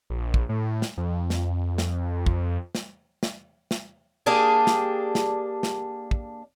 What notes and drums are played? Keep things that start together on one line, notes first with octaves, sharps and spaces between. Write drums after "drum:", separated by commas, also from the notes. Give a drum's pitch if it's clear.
A#1
drum: kick
A2
drum: snare
F2
drum: snare
drum: snare
drum: kick
drum: snare
drum: snare
drum: snare
A#3 D4 G4 G#4
drum: snare
drum: snare
drum: snare
drum: kick